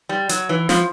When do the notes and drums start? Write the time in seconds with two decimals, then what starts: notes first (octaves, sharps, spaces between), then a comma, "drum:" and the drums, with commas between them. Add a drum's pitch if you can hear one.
0.09 G3
0.29 F#3, drum: hi-hat
0.49 E3
0.69 F3, drum: snare